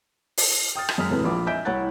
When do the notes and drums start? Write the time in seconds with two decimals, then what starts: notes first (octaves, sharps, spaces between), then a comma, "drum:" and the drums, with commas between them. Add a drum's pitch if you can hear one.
0.37 drum: open hi-hat
0.75 G5 D#6 F6 A6
0.89 drum: rim click
0.98 F#2 G#3 D#6 F6 B6
1.10 E1 A2 C3 A4 B4
1.24 A#1 F4 B5 D6
1.47 D#5 E5 G#5 G6 B6 D7
1.65 C2 E4 C#5 F#5 F#6 A6